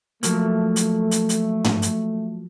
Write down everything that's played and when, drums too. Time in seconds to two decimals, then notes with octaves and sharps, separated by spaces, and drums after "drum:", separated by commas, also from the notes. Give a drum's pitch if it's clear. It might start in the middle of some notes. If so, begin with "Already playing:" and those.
0.23 F3 F#3 A3 A#3, drum: hi-hat
0.76 drum: hi-hat
1.11 drum: hi-hat
1.29 drum: hi-hat
1.64 drum: tom
1.82 drum: hi-hat